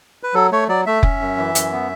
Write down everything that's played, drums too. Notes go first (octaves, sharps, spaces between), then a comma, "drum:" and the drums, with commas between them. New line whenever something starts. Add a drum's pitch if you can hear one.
B4
F#3 A4
A3 C#5
F#3 D5
A3 E5
C#4, drum: kick F1
F#2
E3
F#2, drum: hi-hat
B3